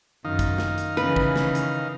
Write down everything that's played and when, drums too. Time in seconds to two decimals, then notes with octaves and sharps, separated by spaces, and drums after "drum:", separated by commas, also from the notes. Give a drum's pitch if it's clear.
0.25 F#2 D#3 D#4 F5
0.39 drum: kick, hi-hat
0.58 drum: snare
0.78 drum: hi-hat
0.97 C#3 E3 B4
1.16 drum: kick
1.36 drum: snare
1.55 drum: hi-hat